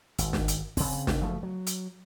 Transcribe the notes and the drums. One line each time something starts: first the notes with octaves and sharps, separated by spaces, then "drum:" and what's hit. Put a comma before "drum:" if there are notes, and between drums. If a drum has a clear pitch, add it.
G#1, drum: hi-hat
drum: snare
drum: hi-hat
C#3 C4, drum: kick, open hi-hat
drum: snare
F#1 F3 A3
F#3
drum: hi-hat